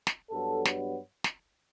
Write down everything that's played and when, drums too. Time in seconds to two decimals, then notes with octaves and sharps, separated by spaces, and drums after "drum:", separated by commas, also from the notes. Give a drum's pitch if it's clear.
0.07 drum: snare
0.30 G2 F#3 B3 A4
0.65 drum: snare
1.24 drum: snare